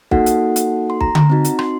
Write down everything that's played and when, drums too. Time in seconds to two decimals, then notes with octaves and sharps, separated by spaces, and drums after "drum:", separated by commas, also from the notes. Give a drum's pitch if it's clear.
0.11 A#3 D#4 F#4 A4 F#5, drum: kick B1
0.26 drum: hi-hat
0.56 drum: hi-hat
0.90 C6
1.01 A#5, drum: kick B1
1.15 drum: tom D3
1.30 C4 D#4 F#4
1.45 drum: hi-hat
1.59 C6, drum: rim click